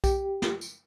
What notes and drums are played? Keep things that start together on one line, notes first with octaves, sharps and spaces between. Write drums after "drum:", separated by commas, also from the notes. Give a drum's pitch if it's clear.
G4, drum: kick B1, tambourine
drum: snare
drum: tambourine